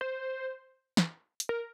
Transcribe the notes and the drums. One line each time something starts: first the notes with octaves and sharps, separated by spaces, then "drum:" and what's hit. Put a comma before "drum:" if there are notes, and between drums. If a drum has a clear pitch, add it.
C5
drum: snare
drum: hi-hat
A#4